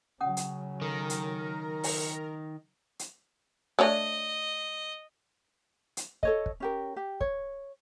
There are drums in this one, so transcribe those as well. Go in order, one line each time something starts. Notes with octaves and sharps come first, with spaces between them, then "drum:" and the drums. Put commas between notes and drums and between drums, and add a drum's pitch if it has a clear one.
C#3 F#3 C#4 F#5 D#6
drum: hi-hat
D#3 A4 A#4 A#5
drum: hi-hat
drum: open hi-hat
drum: hi-hat
A3 D4 C#5 D#5
drum: hi-hat
A4 C#5 D#5, drum: kick
drum: kick
C#4 G4 A#4
G4
C#5, drum: kick